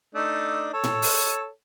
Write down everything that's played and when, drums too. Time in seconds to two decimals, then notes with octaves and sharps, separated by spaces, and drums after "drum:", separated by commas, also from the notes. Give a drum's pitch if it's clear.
0.15 A3 D4 D#4
0.73 A4 C#5
0.84 drum: tom A2
1.02 drum: open hi-hat